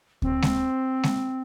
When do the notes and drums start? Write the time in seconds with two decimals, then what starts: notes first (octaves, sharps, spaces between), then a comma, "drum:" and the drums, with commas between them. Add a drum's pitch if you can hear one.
0.22 C4, drum: kick D2
0.42 drum: snare G#3
1.03 drum: snare G#3